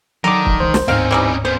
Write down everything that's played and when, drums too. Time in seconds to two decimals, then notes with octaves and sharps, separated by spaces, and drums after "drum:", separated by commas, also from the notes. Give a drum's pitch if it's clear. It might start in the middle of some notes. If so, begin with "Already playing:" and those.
0.24 D3 D#3 F#3 A#5 D6
0.46 drum: kick
0.60 C2 E3 G#3 C5
0.74 drum: snare
0.88 D1 G#2 D#3 C4 C#4 F5
1.11 E3 G3 D#4
1.45 B3 C#4 C5